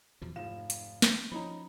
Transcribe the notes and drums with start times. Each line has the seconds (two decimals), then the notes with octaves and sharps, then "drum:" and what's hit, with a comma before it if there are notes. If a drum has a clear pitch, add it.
0.22 E2 B2 F3
0.36 F1 G#2 F4 F5 E7
0.70 drum: hi-hat
1.02 drum: snare
1.32 F3 C#4 D#4 A#5 B5